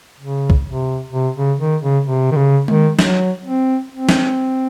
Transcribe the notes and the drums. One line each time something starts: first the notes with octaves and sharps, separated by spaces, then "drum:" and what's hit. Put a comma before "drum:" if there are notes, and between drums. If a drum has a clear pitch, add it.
C#3
drum: kick
C3
C3
C#3
D#3
C#3
C3
D#3
C#3
D#3, drum: tom G#3
F#3, drum: snare
C4
C4
drum: snare